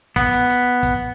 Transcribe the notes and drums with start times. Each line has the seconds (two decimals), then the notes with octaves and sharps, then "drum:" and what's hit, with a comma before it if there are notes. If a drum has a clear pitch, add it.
0.16 B3, drum: kick, hi-hat
0.33 drum: hi-hat
0.50 drum: hi-hat
0.83 drum: kick, hi-hat